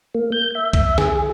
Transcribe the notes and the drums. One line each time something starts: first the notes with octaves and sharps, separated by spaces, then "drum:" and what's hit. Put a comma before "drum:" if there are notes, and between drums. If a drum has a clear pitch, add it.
A#3
G6
E5
drum: kick C2, cymbal
G#4, drum: snare